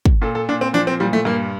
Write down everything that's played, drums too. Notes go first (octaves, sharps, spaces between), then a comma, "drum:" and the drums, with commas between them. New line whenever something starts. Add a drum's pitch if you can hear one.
drum: kick
A#2 A4
A4
A#2 D4
C4
F3 D4
C4
A#2 G3
A3
G2 A#3